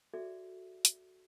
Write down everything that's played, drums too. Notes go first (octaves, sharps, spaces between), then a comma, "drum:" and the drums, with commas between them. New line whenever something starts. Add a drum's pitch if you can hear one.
F#4 G#4 A4 D5 E5
drum: hi-hat